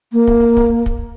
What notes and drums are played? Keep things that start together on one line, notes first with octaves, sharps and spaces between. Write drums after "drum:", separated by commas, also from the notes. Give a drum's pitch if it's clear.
A#3
drum: kick
drum: kick
drum: kick